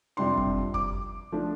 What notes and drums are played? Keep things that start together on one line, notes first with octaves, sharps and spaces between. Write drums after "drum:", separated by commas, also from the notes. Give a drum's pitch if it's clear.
F2 C3 G3 D4 C6
drum: kick F#1
D6, drum: kick F#1
F3 A3 D4